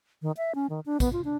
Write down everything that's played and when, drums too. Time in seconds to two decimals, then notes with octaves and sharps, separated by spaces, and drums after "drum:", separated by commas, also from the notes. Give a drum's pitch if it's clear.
0.22 D#3
0.37 E5
0.55 C#4
0.70 D#3
0.86 D4
1.00 B3, drum: kick, tambourine
1.13 F4
1.25 D4